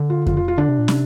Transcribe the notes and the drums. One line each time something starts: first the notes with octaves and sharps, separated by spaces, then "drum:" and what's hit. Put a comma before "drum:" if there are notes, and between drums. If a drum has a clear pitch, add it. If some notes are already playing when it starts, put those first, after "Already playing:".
Already playing: D3
F4
F4, drum: kick F2
F4
F4
D3 D4
C3
A#2
C3, drum: snare